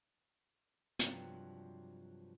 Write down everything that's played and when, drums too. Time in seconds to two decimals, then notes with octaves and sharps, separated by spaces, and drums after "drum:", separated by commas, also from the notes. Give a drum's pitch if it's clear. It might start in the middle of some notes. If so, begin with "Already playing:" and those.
0.99 G2 C3 F3 F#3, drum: hi-hat